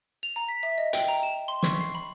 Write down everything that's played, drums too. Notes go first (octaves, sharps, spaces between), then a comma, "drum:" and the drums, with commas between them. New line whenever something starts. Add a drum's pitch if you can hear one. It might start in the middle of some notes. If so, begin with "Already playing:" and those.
F7
A#5
B6
E5
D#5
G5, drum: hi-hat
A#5
E7
C6
C#6, drum: snare
C7
B5